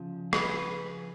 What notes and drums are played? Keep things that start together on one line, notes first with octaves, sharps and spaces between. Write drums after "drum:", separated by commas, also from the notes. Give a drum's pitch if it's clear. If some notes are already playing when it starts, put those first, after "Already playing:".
Already playing: C#3 F3
G#4 B4, drum: rim click